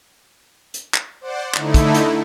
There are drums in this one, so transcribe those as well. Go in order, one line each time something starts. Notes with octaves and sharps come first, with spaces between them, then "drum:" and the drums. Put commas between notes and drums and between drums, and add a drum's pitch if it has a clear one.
drum: hi-hat
drum: clap
C5 D5 F#5
D3 A3 D#4 E4, drum: clap
drum: kick, hi-hat
drum: hi-hat